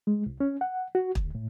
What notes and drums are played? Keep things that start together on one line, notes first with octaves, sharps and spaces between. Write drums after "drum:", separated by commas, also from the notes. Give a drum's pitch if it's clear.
G#3
C2
C#4
F#5
F#4
D2, drum: kick
A2